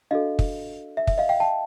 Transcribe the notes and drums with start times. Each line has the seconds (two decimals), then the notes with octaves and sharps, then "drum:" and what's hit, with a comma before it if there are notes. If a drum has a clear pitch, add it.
0.11 D4 F#4 A4 D#5 F5
0.39 drum: kick
0.97 E5
1.07 E5, drum: kick
1.18 D#5 F5
1.29 F5 G5
1.40 G5 A5